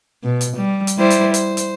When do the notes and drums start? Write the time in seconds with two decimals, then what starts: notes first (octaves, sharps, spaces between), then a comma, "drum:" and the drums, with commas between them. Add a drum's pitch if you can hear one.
0.23 B2
0.41 drum: hi-hat
0.57 G3
0.87 drum: hi-hat
0.98 G3 E4 C5
1.10 drum: hi-hat
1.34 C5, drum: hi-hat
1.57 drum: hi-hat